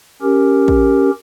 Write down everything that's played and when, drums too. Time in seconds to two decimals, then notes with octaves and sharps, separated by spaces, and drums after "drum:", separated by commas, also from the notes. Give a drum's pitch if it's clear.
0.22 C#4 G4 A#4
0.68 drum: kick